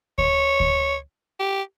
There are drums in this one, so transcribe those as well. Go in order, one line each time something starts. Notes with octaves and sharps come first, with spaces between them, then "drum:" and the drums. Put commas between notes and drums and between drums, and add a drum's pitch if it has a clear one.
C#5, drum: kick D2
drum: kick D2
G4